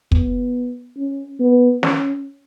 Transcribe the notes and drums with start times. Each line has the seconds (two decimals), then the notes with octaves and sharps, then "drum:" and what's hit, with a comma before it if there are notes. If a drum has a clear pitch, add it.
0.12 B3, drum: kick
0.97 C#4
1.40 B3
1.83 C#4, drum: snare